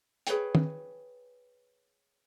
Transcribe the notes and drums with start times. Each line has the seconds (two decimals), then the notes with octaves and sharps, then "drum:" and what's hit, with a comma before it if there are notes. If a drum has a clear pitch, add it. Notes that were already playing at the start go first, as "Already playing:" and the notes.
0.27 G#4 B4 C#5 G5, drum: hi-hat
0.55 drum: tom